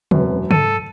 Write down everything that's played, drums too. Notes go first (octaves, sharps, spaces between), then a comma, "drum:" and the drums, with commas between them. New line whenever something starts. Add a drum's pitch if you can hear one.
E1 F#2 C4 B4, drum: tom
G#2 A4 D#7, drum: tom